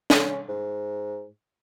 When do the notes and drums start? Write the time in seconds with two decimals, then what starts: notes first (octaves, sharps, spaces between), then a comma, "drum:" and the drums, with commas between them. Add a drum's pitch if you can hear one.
0.10 C#4, drum: snare
0.48 G#2